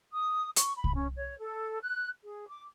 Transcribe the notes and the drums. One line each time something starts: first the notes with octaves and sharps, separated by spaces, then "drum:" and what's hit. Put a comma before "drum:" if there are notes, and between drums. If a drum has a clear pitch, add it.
D#6
C#6, drum: hi-hat
B5
drum: kick C2
C#4
C#5
A4
F#6
G#4
D6